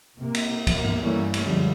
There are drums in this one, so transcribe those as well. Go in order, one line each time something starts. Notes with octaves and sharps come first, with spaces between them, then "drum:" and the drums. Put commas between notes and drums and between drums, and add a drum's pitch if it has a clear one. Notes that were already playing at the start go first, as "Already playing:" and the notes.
C3 A#3
drum: cymbal
F#3 A#3, drum: kick C#2, cymbal
drum: tom G#2
G2 E3 G3 A3 A#3 C#4
drum: cymbal
C#2 F#2 D3 F3 G3